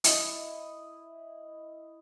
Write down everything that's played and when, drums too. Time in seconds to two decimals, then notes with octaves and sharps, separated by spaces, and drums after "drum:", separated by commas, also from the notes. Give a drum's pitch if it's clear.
0.04 E4 D#5, drum: hi-hat